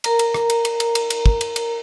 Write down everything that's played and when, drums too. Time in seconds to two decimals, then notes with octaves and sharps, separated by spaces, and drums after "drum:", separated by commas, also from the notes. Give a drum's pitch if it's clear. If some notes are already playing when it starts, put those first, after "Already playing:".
0.04 A#4 A#5, drum: cymbal
0.19 drum: cymbal
0.34 drum: rim click
0.50 drum: cymbal
0.65 drum: cymbal
0.80 drum: cymbal
0.95 drum: cymbal
1.10 drum: cymbal
1.26 drum: kick
1.41 drum: cymbal
1.56 drum: cymbal